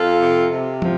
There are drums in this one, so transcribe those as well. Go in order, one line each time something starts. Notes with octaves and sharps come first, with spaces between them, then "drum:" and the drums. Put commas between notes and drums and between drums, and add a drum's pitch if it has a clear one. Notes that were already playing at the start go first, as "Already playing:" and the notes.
Already playing: F2 F4 A4
C3
C3
F3, drum: tom